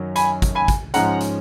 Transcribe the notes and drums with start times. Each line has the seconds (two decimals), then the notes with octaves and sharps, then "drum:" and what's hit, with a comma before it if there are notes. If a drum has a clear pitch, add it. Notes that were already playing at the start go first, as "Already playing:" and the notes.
Already playing: F#2 D#3 F#3 C#4
0.16 G#5 B5, drum: hi-hat
0.42 drum: kick, hi-hat
0.55 G#5 B5
0.68 drum: kick, hi-hat
0.94 G#2 F3 G#3 C#4 F#5 A#5, drum: hi-hat
1.20 drum: hi-hat